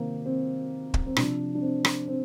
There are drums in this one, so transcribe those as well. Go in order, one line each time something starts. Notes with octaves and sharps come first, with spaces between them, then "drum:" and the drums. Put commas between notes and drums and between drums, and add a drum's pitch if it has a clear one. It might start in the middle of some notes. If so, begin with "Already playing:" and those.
Already playing: C3 D#3 A#3 C4
C4
drum: kick
C4
C3 F3 D4, drum: rim click
D4
C4
drum: rim click
C4